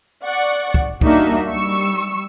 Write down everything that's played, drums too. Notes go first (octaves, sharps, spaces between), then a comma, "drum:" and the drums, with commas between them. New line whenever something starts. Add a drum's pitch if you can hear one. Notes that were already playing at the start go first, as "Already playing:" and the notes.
D5 F#5 C#6
drum: kick
G3 A#3 D4 D#4 F#4 E5, drum: kick
G3 C#6 E6